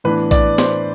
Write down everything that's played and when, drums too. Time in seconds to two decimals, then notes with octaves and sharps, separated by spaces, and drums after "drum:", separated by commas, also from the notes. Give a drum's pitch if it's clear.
0.04 A2 E3 B3 D4 B4
0.31 D5, drum: kick A#1, hi-hat
0.58 C5, drum: snare